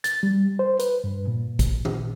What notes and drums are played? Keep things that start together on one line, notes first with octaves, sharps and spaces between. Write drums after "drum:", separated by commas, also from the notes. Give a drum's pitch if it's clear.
A6, drum: hi-hat
G3
C5
B4, drum: hi-hat
G2
A#2
drum: kick, hi-hat
drum: tom D#3